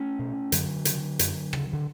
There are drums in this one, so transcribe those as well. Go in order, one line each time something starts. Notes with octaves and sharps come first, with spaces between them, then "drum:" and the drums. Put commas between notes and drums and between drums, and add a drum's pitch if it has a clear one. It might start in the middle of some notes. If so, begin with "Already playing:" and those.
Already playing: A3 C#4
B2
F#2 D3 F#3, drum: hi-hat
C#3, drum: hi-hat
F#2, drum: hi-hat
C#3, drum: rim click
D3